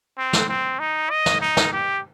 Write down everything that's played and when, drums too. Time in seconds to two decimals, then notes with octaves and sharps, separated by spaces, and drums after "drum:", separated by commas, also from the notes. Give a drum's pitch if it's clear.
0.17 C4
0.33 drum: snare
0.48 C4
0.79 D#4
1.10 D#5
1.26 drum: snare
1.41 D#4
1.57 drum: snare
1.73 G4